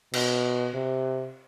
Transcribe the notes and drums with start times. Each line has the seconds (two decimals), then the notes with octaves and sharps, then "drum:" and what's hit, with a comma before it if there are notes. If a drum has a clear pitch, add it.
0.14 B2, drum: cymbal
0.74 C3